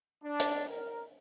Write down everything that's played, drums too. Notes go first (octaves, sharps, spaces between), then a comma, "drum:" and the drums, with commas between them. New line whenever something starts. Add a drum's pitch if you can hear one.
D4
drum: hi-hat
A#4